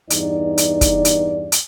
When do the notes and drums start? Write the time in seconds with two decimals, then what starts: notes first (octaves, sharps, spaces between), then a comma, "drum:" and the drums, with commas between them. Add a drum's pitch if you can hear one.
0.10 E2 G2 D#4 D5, drum: hi-hat
0.58 drum: hi-hat
0.81 drum: kick, hi-hat
1.05 drum: hi-hat
1.52 drum: hi-hat